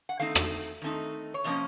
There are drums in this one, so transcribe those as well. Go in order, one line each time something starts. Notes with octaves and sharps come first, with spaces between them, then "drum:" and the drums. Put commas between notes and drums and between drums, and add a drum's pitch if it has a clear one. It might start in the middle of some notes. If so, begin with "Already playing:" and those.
F#5
D#3 A3 C4 D#4 F5
drum: rim click
D#3 A3 C4 D#4
C#5
C3 F3 A#3 C#4 D#5